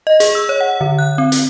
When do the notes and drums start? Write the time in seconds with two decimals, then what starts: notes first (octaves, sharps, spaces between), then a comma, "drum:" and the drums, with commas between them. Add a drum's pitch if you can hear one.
0.07 D#5
0.20 G#4, drum: hi-hat
0.35 E6
0.49 C#5
0.61 F#5
0.81 D3
0.99 F#6
1.18 C4
1.32 drum: hi-hat